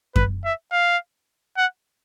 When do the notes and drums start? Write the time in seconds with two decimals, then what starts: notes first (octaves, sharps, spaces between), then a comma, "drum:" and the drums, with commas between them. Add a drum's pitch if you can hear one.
0.16 B4, drum: kick F#2
0.45 E5
0.72 F5
1.58 F#5